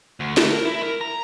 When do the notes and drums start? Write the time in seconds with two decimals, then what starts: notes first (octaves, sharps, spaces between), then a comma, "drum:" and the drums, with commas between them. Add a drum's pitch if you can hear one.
0.20 D2
0.37 A3, drum: snare
0.50 A#4
0.65 E4
0.82 A#4
1.01 A#5